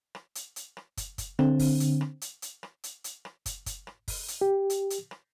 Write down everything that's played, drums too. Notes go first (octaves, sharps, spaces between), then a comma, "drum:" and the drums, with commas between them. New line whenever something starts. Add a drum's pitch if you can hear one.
drum: rim click
drum: hi-hat
drum: hi-hat
drum: rim click
drum: kick, hi-hat
drum: kick, hi-hat
D3 C4, drum: rim click
drum: kick, open hi-hat
drum: hi-hat
drum: rim click
drum: hi-hat
drum: hi-hat
drum: rim click
drum: hi-hat
drum: hi-hat
drum: rim click
drum: kick, hi-hat
drum: kick, hi-hat
drum: rim click
drum: kick, open hi-hat
drum: hi-hat
G4
drum: hi-hat
drum: hi-hat
drum: rim click